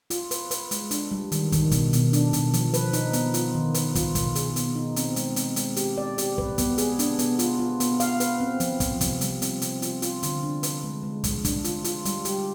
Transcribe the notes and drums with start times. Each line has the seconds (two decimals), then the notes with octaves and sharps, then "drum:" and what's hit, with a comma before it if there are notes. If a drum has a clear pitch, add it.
0.10 F4, drum: hi-hat
0.31 B4, drum: hi-hat
0.51 B4, drum: hi-hat
0.71 G#3, drum: hi-hat
0.91 D4, drum: hi-hat
1.11 G3
1.32 D#3, drum: hi-hat
1.52 D#3, drum: kick, hi-hat
1.71 B2, drum: kick, hi-hat
1.93 B2, drum: hi-hat
2.13 D4, drum: hi-hat
2.33 B2, drum: hi-hat
2.53 F3, drum: hi-hat
2.74 B4, drum: hi-hat
2.93 D#4, drum: hi-hat
3.13 B3, drum: hi-hat
3.34 F4, drum: hi-hat
3.55 D#3
3.74 B4, drum: hi-hat
3.95 F4, drum: kick, hi-hat
4.15 B2, drum: kick, hi-hat
4.35 G#4, drum: hi-hat
4.56 B3, drum: hi-hat
4.75 D#4
4.96 C4, drum: hi-hat
5.16 G#3, drum: hi-hat
5.36 C4, drum: hi-hat
5.56 G#3, drum: hi-hat
5.76 G4, drum: hi-hat
5.98 D5
6.18 G4, drum: hi-hat
6.38 B4, drum: kick
6.58 B3, drum: kick, hi-hat
6.78 G#4, drum: hi-hat
6.99 D4, drum: hi-hat
7.19 B3, drum: hi-hat
7.39 F4, drum: hi-hat
7.59 F4
7.80 B3, drum: hi-hat
8.00 F5, drum: hi-hat
8.20 B4, drum: hi-hat
8.40 C4
8.60 F3, drum: hi-hat
8.80 F3, drum: kick, hi-hat
9.01 C3, drum: kick, hi-hat
9.21 G3, drum: hi-hat
9.42 C4, drum: hi-hat
9.62 C3, drum: hi-hat
9.82 F4, drum: hi-hat
10.02 F4, drum: hi-hat
10.23 D3, drum: hi-hat
10.43 D4
10.63 B4, drum: hi-hat
10.84 G#3
11.03 G#3
11.24 G#3, drum: kick, hi-hat
11.45 D4, drum: kick, hi-hat
11.64 F4, drum: hi-hat
11.84 F4, drum: hi-hat
12.05 G3, drum: hi-hat
12.25 G4, drum: hi-hat